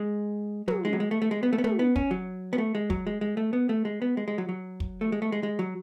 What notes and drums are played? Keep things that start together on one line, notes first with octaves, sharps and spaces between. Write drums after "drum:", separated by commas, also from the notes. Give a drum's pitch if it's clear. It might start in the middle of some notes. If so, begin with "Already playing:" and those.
Already playing: G#3
F#3, drum: tom
G#3
F#3
G#3
A3
A3
G#3
B3
A3
B3
A3, drum: tom
B3
C#4, drum: kick
F#3
B3
A3
G#3
F#3, drum: kick
G#3
G#3
A3
B3
A3
G#3
B3
G#3
G#3
F#3
F#3
drum: kick
A3
G#3
A3
G#3
G#3
F#3